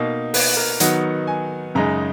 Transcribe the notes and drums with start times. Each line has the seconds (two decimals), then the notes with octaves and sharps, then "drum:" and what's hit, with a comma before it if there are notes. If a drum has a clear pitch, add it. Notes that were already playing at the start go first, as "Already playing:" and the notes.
Already playing: B2 A#3 D#4
0.34 B4, drum: open hi-hat
0.57 A#4
0.80 D#3 F#3 B3 D#4 F#5, drum: hi-hat
1.27 G#5
1.75 F#2 C#3 G#3 D#4 A#5